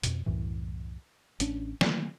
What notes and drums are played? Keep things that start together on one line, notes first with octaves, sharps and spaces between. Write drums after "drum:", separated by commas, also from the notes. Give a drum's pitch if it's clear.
F2 B2, drum: hi-hat
C2 F#2 A2 E3
A1 C#4 D4, drum: hi-hat
D#3 F#3 A3 A#3, drum: snare